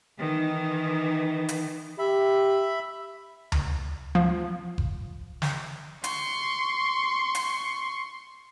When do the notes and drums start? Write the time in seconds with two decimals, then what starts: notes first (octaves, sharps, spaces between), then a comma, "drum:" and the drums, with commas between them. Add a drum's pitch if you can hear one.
0.19 D#3 E3
1.49 drum: hi-hat
1.99 G4 E5 B5
3.52 drum: tom D2
4.15 F3
4.78 drum: kick F#1
5.42 drum: snare
6.04 C6 C#6, drum: hi-hat
7.35 drum: hi-hat